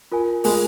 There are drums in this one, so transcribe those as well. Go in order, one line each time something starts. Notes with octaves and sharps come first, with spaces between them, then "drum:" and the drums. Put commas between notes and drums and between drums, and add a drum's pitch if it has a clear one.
F4 A#4 G#5
G#3 F4 A#4 G#5, drum: open hi-hat